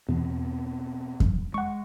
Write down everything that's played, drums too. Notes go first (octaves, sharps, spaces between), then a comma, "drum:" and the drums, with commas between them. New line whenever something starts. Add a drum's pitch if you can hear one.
E2 B2 B3 C4
drum: kick F2
G#3 F#5 C#6